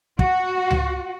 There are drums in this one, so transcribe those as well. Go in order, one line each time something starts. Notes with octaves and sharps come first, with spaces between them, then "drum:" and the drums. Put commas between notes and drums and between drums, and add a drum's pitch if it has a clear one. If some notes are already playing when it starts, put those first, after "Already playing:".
F#4, drum: kick
drum: tom C#2